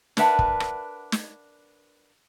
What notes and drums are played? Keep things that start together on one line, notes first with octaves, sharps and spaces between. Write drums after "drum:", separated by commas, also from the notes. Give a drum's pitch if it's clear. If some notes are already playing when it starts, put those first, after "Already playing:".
D4 A#4 B4 E5 F#5, drum: snare
drum: kick
drum: rim click
drum: snare